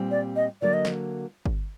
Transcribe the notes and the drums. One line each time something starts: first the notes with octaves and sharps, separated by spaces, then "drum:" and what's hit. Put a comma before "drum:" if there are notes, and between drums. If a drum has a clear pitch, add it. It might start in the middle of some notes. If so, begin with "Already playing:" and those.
Already playing: A#2 G3 C4
D5
D#5
D3 F#3 A#3 D5
D#5
drum: snare
drum: kick G1